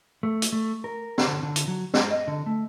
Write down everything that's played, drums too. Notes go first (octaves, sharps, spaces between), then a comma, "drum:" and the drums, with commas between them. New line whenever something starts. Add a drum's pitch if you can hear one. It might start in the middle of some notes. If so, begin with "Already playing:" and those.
A3
drum: hi-hat
A3
A#4
drum: snare
D3
D3
drum: hi-hat
F#3
G#3, drum: snare
D#5
D3
A3